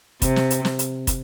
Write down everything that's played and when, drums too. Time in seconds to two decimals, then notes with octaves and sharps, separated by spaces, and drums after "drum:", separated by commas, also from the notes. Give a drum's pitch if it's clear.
0.22 C3, drum: kick, hi-hat
0.36 drum: snare
0.50 drum: hi-hat
0.65 drum: snare
0.79 drum: hi-hat
1.07 drum: kick, hi-hat